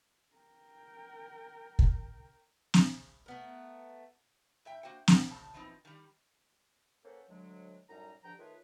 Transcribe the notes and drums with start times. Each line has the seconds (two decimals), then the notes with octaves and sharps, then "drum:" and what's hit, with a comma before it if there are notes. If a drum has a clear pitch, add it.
0.37 A#4 G5
1.79 drum: kick
2.74 drum: snare
3.26 A3 B3 A#4
4.65 G#2 E5 G5
4.83 A#3 F#4 C5 G5
5.08 A#3 C4 A#4 F#5 G5, drum: snare
5.30 A#2 C#3 A5
5.54 E3 F3 B3 C4 D#4
5.85 D#3 G3
7.05 A#3 C#4 A4 B4 C5 F#5
7.30 D2 F#3 G#3
7.89 F#2 A2 G3 D#4 A#5
8.24 G2 D3 F3 G5 A#5
8.39 D#3 A3 F4 G#4 B4 C#5